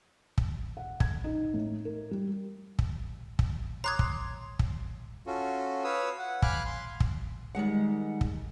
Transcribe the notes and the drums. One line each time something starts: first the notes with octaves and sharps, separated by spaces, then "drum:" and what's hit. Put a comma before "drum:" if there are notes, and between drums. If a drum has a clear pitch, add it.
drum: kick
F#5
G#6, drum: kick
D#4
A2
A#4
G3
drum: kick
drum: kick
C#5 A#5 C6 D6 D#6 F#6 G#6
drum: kick
drum: kick
C#4 F4 F#4 A4
B4 C#5 F5 D#6 E6
F#5
F5 G#5 B5 D6 F6 F#6, drum: kick
C6
drum: kick
D#3 G3 G#3 F#5
drum: kick